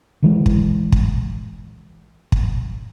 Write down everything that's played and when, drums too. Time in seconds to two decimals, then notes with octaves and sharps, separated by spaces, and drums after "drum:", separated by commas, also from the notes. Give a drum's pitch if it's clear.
0.22 D3 E3 G#3
0.46 drum: kick
0.92 drum: kick
2.32 drum: kick